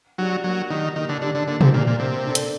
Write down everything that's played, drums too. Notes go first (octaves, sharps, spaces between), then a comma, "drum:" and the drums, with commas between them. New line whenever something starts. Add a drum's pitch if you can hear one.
F#3 D4 G4 D5
F#3 A#3
D#3 D4 G4 D5
D#3 A#3
D3
D3 D4 G4 D5
D3
D3 A#3
C3, drum: tom
A#2 D4 G4 D5
A#2
C3 A#3
D4 A4 D5
drum: hi-hat